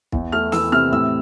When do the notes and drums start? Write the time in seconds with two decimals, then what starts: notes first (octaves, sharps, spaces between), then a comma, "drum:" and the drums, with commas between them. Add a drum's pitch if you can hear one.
0.12 E2, drum: kick
0.32 A3 F6
0.52 E3 E6, drum: snare
0.72 C3 F6
0.92 A2 E6